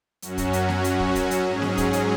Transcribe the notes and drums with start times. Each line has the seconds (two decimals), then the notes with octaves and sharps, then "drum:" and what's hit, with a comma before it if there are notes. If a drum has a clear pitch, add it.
0.22 F#2 F#3 C#4 F#4, drum: hi-hat
0.38 drum: kick, hi-hat
0.53 drum: hi-hat
0.69 drum: snare
0.84 drum: hi-hat
1.00 drum: kick
1.15 drum: kick, hi-hat
1.31 drum: hi-hat
1.46 G#2 F#3 C#4 G#4
1.62 drum: snare
1.77 drum: kick, hi-hat
1.93 drum: hi-hat